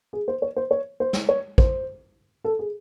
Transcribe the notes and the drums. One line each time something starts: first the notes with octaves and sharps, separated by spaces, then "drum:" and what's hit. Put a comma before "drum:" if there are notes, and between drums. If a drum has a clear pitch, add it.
G#4
C5
C#5
C5
C#5
C5
drum: snare
C#5
C5, drum: kick
A4
G#4